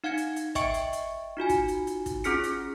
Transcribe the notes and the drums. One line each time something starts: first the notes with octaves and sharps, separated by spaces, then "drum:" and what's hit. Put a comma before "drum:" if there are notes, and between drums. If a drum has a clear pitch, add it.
D#4 F5 F#5 G#6 C#7
drum: hi-hat
drum: hi-hat
D#5 E5 G5 C#6 C#7 D7, drum: kick, hi-hat
drum: hi-hat
drum: hi-hat
D#4 F4 F#4 G#5
drum: kick, hi-hat
drum: hi-hat
drum: hi-hat
drum: kick, hi-hat
C#4 F4 G#4 F6 B6 C#7, drum: hi-hat
drum: hi-hat